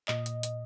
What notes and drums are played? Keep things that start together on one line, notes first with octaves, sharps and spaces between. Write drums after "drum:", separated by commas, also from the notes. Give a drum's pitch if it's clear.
A#2 D#5, drum: clap
drum: hi-hat
drum: hi-hat